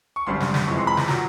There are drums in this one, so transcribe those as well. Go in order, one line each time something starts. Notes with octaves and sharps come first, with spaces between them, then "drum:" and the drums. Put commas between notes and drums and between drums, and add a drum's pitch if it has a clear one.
C#6
G#1 F#2 D3 G3 C6
drum: snare
drum: snare
F2 C3 E3 G#3 C#6
C6
B5
A#5, drum: snare
A#2 F#3 A#5, drum: snare